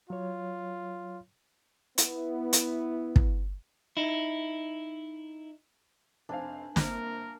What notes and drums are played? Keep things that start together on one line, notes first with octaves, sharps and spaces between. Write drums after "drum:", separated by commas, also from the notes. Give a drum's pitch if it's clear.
F#3 F4 C#5
B3 E4, drum: hi-hat
drum: hi-hat
drum: kick
D#4 E4
F1 C4 D4 F5 G#5
G1 A#3 C4 A#4, drum: snare